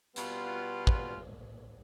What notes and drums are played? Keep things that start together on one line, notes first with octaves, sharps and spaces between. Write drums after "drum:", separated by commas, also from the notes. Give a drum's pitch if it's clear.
B2 G3 B3 F4, drum: hi-hat
drum: kick